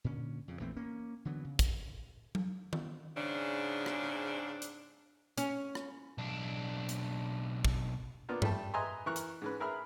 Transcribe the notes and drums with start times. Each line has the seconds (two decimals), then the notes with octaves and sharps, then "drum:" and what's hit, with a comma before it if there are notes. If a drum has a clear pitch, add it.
0.04 A#2 D3 C#4
0.48 F2 C#3
0.60 A#1 E3 A3 C4
0.76 A#3 C#4
1.25 D3 E3 F#3 B3
1.45 C#3
1.59 drum: kick, hi-hat
2.35 drum: tom F#3
2.73 drum: tom D#3
3.17 G#2 C#3 C4 D4
3.86 drum: rim click
4.62 drum: hi-hat
5.38 C#4, drum: hi-hat
5.75 drum: rim click
6.18 B1 D4
6.89 drum: hi-hat
7.65 drum: kick
8.29 A#3 B3 D4 F4
8.42 G3 A3 A5, drum: tom G2
8.74 B4 D#5 E5 G#5 A#5 C6
9.06 E3 A#4 C#6 F#6
9.16 drum: hi-hat
9.42 G#2 C#4 B4
9.60 G#4 A#4 B4 E5 B5 F6